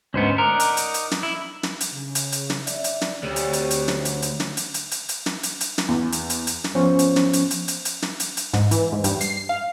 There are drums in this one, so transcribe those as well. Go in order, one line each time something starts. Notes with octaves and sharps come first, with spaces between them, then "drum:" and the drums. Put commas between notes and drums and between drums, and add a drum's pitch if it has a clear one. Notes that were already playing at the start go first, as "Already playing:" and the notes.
D2 G#2 B3 C#4 C5
D#4 A#4 D5 F#5
drum: hi-hat
drum: hi-hat
drum: hi-hat
drum: snare
E4
drum: snare
drum: hi-hat
C#3
drum: hi-hat
drum: hi-hat
drum: snare
D5 E5, drum: hi-hat
drum: hi-hat
drum: snare
D2 C4 G4 C#5
drum: hi-hat
drum: hi-hat
drum: hi-hat
drum: snare
drum: hi-hat
drum: hi-hat
drum: snare
drum: hi-hat
drum: hi-hat
drum: hi-hat
drum: hi-hat
drum: snare
drum: hi-hat
drum: hi-hat
drum: snare
E2
drum: hi-hat
drum: hi-hat
drum: hi-hat
drum: snare
F3 B3 C#4 C5 C#6
drum: hi-hat
drum: snare
drum: hi-hat
drum: hi-hat
drum: hi-hat
drum: hi-hat
drum: snare
drum: hi-hat
drum: hi-hat
G#2, drum: snare
E3, drum: hi-hat
G#2
G2, drum: hi-hat
C7, drum: hi-hat
F5